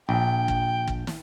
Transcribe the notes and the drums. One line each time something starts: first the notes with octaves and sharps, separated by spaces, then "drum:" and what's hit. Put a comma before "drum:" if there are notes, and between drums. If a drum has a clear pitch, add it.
A#1 G5
drum: kick
drum: kick
drum: snare